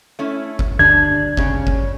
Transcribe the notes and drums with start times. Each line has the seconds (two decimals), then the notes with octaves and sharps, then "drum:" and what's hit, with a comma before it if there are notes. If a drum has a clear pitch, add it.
0.19 A3 C#4 E4
0.59 drum: kick G1
0.79 D2 G3 D4 G#6
1.37 C#3 C#4, drum: kick G1
1.67 drum: kick G1